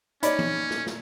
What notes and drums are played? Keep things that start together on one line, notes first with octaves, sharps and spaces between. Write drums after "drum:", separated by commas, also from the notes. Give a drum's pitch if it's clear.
C#4 D#4 C#5 D5 B5, drum: hi-hat
drum: tom E3
drum: snare
drum: snare